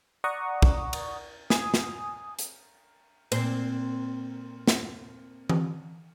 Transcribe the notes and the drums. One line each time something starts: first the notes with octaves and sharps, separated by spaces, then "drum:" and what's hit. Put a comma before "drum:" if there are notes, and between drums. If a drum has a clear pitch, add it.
D5 F#5 A#5 C#6 D#6
drum: kick
drum: cymbal
G#5 D#6, drum: snare
drum: snare
drum: hi-hat
A#2 C4 C5, drum: cymbal
drum: snare
drum: tom E3